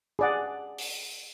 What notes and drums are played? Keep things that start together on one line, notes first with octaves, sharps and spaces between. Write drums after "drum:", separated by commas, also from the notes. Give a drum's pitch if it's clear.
G#4 D5 F#5
drum: open hi-hat